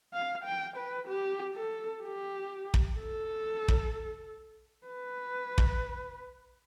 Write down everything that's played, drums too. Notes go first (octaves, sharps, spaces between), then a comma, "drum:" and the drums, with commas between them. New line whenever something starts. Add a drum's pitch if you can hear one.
F5
G5
B4
G4
A4
G4
drum: kick
A4
drum: kick
B4
drum: kick